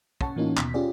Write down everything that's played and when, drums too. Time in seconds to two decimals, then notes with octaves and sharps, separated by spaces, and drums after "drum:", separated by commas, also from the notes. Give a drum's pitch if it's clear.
0.21 C#4 F#5 A5 C#6, drum: kick
0.36 A2 E3 A#3 C#4 D#4 F4
0.57 D#2 B2 B6, drum: clap
0.74 C#4 F4 G4 G#4 D5